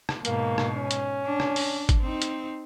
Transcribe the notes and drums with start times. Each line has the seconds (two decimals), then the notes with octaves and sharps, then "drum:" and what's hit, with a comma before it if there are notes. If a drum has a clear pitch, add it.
0.09 drum: rim click
0.25 G#2 B2 A#3, drum: hi-hat
0.58 drum: rim click
0.74 C#4
0.91 drum: hi-hat
1.25 D4
1.40 drum: rim click
1.56 drum: open hi-hat
1.89 drum: kick, hi-hat
2.02 C4 D#4
2.22 drum: hi-hat